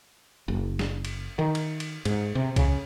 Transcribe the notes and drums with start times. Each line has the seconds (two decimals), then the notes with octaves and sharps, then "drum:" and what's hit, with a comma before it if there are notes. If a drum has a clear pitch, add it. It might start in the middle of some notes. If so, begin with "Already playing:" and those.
0.48 F#1
0.79 drum: snare
1.05 drum: cymbal
1.39 D#3
1.55 drum: cymbal
1.80 drum: cymbal
2.05 G#2, drum: cymbal
2.35 C3
2.56 C#3, drum: kick C2, cymbal